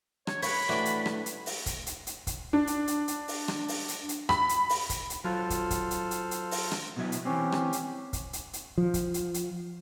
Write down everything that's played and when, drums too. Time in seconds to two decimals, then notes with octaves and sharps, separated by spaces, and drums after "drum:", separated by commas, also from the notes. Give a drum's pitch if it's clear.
0.27 C#5, drum: rim click
0.42 B4 C#5 B5, drum: open hi-hat
0.69 A2 E3 D4 F#4 D5
0.85 drum: hi-hat
1.06 drum: rim click
1.26 drum: hi-hat
1.46 drum: open hi-hat
1.66 drum: kick, hi-hat
1.86 drum: hi-hat
2.07 drum: hi-hat
2.27 drum: kick, hi-hat
2.53 D4
2.67 drum: hi-hat
2.88 drum: hi-hat
3.08 drum: hi-hat
3.28 drum: open hi-hat
3.48 drum: rim click
3.68 drum: open hi-hat
3.89 drum: hi-hat
4.09 drum: hi-hat
4.29 B5, drum: rim click
4.49 drum: hi-hat
4.69 drum: open hi-hat
4.90 drum: kick, hi-hat
5.10 drum: hi-hat
5.24 F#3 F4 A4 C5 F5
5.50 drum: kick, hi-hat
5.70 drum: kick, hi-hat
5.91 drum: hi-hat
6.11 drum: hi-hat
6.31 drum: hi-hat
6.51 drum: open hi-hat
6.72 drum: rim click
6.96 B2 F#3 E4
7.12 drum: hi-hat
7.25 E3 C4 C#4 G4
7.52 drum: rim click
7.73 drum: hi-hat
8.13 drum: kick, hi-hat
8.33 drum: hi-hat
8.53 drum: hi-hat
8.78 F3
8.94 drum: kick, hi-hat
9.14 drum: hi-hat
9.34 drum: hi-hat